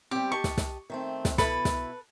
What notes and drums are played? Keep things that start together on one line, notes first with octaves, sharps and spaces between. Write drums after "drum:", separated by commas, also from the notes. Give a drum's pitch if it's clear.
G3 C4 G4
G4 D#5 A5 C#6
drum: snare
drum: snare
D#3 A3 C4
drum: snare
B2 E4 A4 B4 B5, drum: snare
drum: snare